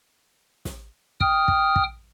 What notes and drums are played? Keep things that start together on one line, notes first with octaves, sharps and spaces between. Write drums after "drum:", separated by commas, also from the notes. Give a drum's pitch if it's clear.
drum: snare
G5 D#6 F6, drum: kick
drum: kick
drum: kick